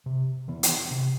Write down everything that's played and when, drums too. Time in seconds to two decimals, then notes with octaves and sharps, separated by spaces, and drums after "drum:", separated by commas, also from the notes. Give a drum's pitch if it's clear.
0.06 C3
0.48 E3 B3
0.63 drum: hi-hat
0.91 C3